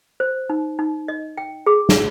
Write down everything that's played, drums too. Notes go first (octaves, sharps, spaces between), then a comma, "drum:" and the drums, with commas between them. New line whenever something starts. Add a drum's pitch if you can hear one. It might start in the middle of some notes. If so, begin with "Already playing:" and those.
C5
D#4
D#4
D#5
G5
G#4
drum: snare